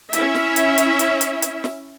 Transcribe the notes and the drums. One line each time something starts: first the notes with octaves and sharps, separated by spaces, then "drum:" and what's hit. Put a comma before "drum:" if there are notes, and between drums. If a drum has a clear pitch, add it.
C#4 E4 E5, drum: hi-hat
drum: snare
drum: hi-hat
drum: hi-hat
drum: hi-hat
drum: hi-hat
drum: hi-hat
drum: snare